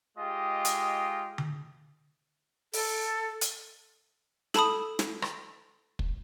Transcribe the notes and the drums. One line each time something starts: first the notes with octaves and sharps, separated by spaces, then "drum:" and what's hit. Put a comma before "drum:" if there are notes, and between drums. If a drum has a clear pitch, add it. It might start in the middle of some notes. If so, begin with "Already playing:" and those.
G#3 F4 G4 D#5
drum: hi-hat
drum: tom D3
A4, drum: open hi-hat
drum: hi-hat
A4 A5 B5 D#6, drum: snare
drum: snare
drum: rim click
drum: kick